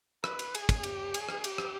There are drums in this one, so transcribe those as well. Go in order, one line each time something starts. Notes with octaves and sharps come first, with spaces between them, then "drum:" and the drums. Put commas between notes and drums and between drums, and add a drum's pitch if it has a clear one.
B4, drum: rim click
drum: cymbal
G#4, drum: cymbal
drum: kick, cymbal
G4, drum: cymbal
G#4, drum: cymbal
drum: rim click
G4, drum: cymbal
drum: rim click